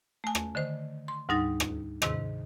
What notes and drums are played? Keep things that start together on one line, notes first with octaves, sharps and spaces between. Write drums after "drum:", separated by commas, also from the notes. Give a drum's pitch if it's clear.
A3 G#5
drum: rim click
D3 D#3 C5
C6
D2 G#2 G3 D#4 A6 A#6
drum: rim click
G#2 C3 D#3, drum: rim click